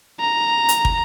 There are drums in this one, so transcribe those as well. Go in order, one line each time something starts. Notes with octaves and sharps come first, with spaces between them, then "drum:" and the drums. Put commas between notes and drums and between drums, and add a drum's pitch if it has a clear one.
A#5
drum: hi-hat
drum: kick